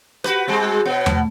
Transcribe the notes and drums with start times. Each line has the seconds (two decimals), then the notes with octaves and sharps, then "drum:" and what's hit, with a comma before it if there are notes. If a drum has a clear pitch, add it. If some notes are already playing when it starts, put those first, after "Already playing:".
0.24 F#4 G4 B4, drum: rim click
0.48 G3 G#3 C4
0.63 F#4 G#4
0.86 B2 B3 C#5
1.06 A3, drum: tom E2